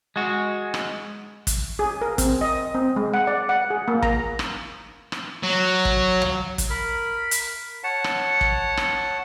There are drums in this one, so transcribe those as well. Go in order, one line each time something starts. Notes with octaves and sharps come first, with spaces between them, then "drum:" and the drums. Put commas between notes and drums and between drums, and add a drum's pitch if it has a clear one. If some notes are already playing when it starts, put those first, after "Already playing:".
G#3 F#4
drum: rim click
drum: kick, hi-hat
G#4
A#4
C4, drum: kick, hi-hat
D#5
C4
G#3
F#5
D5
F#5
G#4
A#3
A#5, drum: kick
drum: rim click
drum: rim click
F#3
drum: kick
drum: tom
drum: kick, hi-hat
A#4 B5
drum: hi-hat
C#5 F#5 A5
drum: rim click
drum: kick
drum: rim click